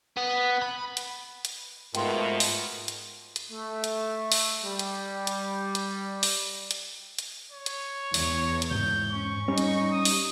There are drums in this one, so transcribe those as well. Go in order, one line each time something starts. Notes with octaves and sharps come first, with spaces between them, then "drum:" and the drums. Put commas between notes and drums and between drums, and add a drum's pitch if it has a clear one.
B3
B5
drum: hi-hat
drum: hi-hat
F2 G#2 B2 A3 F4 A#4 G5 C6, drum: hi-hat
drum: open hi-hat
drum: hi-hat
drum: hi-hat
A3
drum: hi-hat
drum: open hi-hat
G3
drum: hi-hat
drum: hi-hat
drum: hi-hat
drum: open hi-hat
drum: hi-hat
drum: hi-hat
C#5
drum: hi-hat
E2, drum: open hi-hat
drum: hi-hat
C#2 G#2 G6
C#4 C#6
G3 C#4 D#4
drum: hi-hat
D#6
drum: open hi-hat